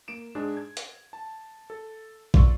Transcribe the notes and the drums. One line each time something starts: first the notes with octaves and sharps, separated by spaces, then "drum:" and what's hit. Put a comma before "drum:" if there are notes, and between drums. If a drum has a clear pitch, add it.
A#3 D7 E7
G#2 D4 G#4
G#6
drum: hi-hat
A5
A4
F4 D5 F5 C6 C#6 E6, drum: kick A1